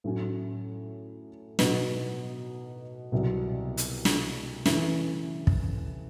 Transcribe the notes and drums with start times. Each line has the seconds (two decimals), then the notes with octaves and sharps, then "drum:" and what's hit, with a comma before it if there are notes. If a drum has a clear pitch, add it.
0.04 A2 F#3 A3 C#4
1.59 B2 F#3 B3 D#4, drum: snare
3.12 C2 B2 F#3
3.77 drum: hi-hat
4.05 drum: snare
4.66 C#3 E3 A3 C#4 E4, drum: snare
5.47 drum: kick